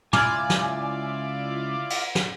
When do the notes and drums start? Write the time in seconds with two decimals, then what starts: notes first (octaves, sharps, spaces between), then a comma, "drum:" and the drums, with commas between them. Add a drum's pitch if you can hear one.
0.13 C#2 E4 F4 D5 G#5 D6 F6 G#6, drum: tom
0.50 drum: snare
1.90 drum: cymbal
2.15 drum: snare